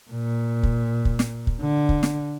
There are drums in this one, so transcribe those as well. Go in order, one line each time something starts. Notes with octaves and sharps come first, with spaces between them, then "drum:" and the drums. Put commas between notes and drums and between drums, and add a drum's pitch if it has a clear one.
A#2
drum: kick
drum: kick
drum: snare
drum: kick
D3
drum: kick
drum: snare